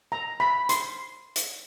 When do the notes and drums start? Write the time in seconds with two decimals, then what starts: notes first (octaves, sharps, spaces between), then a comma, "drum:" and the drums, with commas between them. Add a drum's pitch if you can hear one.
0.12 A#5
0.40 B5
0.69 C6, drum: hi-hat
1.36 drum: hi-hat